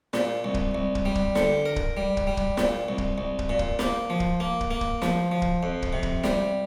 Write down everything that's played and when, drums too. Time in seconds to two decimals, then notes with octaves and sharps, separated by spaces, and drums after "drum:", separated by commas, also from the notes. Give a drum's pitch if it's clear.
0.13 A#2, drum: snare
0.44 C2
0.54 drum: kick
0.75 C2
0.95 drum: kick
1.06 G3
1.15 drum: kick
1.35 D3, drum: snare
1.66 A#4
1.76 drum: kick
1.97 G3
2.17 drum: kick
2.27 G3
2.37 drum: kick
2.57 A#2, drum: snare
2.88 C2
2.98 drum: kick
3.18 C2
3.39 drum: kick
3.49 A#2
3.59 drum: kick
3.79 A#3, drum: snare
4.10 F3
4.20 drum: kick
4.40 A#3
4.61 drum: kick
4.71 A#3
4.81 drum: kick
5.02 F3, drum: snare
5.31 F3
5.42 drum: kick
5.63 F2
5.82 drum: kick
5.93 C3
6.03 drum: kick
6.24 G3, drum: snare